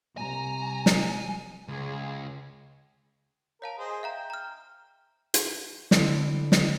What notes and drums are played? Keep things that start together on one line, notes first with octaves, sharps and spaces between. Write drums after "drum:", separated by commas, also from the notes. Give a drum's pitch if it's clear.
C2 G#5 A#5
drum: snare
C#2 G#4
A#4 C#5 F5 A5
G#4 C5 D#5
E5 F5 G5 A#5
A#5 F6
drum: hi-hat
D3 C4 E4 D7, drum: snare
drum: snare